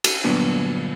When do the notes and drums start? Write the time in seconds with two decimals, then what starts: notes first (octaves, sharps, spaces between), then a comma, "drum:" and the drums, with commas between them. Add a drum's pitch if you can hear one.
0.04 drum: cymbal
0.24 D2 G2 A#2 F#3 B3 D4